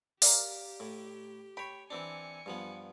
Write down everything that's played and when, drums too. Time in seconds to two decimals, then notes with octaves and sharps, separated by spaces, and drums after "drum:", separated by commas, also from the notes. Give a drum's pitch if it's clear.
0.22 G4 A#4 D5 F5, drum: open hi-hat
0.80 A2
1.57 C#5 G5 B5
1.90 E3 C4 D4 G#5 C#7
2.46 G2 F3 B3